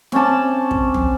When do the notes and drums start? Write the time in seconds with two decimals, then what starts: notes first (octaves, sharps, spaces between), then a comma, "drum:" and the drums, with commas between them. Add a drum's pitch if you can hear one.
0.12 C4 C#4 D5 A5, drum: snare
0.71 drum: kick
0.94 drum: tom